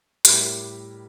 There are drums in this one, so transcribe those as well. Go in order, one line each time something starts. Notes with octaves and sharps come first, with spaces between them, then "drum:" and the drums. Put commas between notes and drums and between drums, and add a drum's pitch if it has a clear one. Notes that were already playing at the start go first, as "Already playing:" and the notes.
A2 G3 G4 A#4, drum: hi-hat